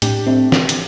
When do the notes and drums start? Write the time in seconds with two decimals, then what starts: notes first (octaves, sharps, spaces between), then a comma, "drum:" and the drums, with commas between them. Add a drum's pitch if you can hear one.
0.02 A2 D4 G4, drum: hi-hat
0.27 A3 C4 D4
0.52 drum: snare
0.69 drum: hi-hat